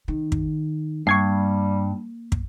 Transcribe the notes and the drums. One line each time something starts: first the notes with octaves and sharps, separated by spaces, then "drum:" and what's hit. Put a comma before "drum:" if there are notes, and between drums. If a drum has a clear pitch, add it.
D#3
drum: kick
G2 G3 A#3 C#6 G#6 C7
drum: kick